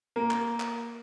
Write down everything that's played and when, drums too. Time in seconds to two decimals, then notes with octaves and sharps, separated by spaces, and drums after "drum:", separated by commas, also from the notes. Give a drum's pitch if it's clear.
0.16 A#3
0.31 drum: clap
0.60 drum: clap